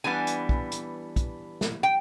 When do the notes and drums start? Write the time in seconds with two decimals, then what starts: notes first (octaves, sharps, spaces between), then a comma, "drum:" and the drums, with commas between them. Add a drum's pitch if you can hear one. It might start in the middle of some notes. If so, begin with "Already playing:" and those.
0.04 E3 G3 B3 D4 G#5
0.27 drum: hi-hat
0.49 drum: kick
0.72 drum: hi-hat
1.16 drum: kick, hi-hat
1.61 drum: snare
1.83 G5